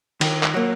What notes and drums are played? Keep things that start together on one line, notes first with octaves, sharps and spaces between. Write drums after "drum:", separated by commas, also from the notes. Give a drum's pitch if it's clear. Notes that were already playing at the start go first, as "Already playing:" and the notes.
D#3, drum: cymbal
drum: clap
F#3 A#3